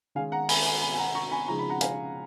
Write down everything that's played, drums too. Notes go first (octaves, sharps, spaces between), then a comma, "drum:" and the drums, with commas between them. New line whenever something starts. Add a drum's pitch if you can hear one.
D#3 G#3 C#4 F5 G#5
F#5 A#5
G#5 B5, drum: open hi-hat
G#5 B5
G#5 B5
G#5
F#5 A#5
A#5 C#6
G#5 B5
C#3 F3 G#3 D#4 A#5
B5
F#5 A#5
F5 G#5, drum: hi-hat